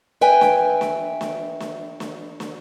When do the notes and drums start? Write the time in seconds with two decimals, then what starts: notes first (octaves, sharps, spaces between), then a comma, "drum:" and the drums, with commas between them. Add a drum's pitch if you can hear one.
0.21 B4 E5 G5 G#5
0.41 drum: snare
0.81 drum: snare
1.21 drum: snare
1.60 drum: snare
2.00 drum: snare
2.40 drum: snare